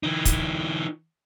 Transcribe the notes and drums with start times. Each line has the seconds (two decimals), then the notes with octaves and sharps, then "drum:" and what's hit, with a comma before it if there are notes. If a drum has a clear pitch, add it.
0.03 E3 D#4
0.25 drum: kick, hi-hat